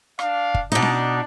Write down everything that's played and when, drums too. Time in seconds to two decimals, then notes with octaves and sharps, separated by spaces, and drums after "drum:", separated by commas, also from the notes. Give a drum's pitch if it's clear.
0.19 D4 F5, drum: rim click
0.54 drum: kick
0.72 B2 D4 D#4
0.82 drum: snare C#4